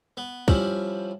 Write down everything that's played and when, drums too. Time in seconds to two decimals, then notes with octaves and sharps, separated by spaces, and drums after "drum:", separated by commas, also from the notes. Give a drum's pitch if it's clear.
0.17 B3
0.48 F3 G3 C#4 E4, drum: kick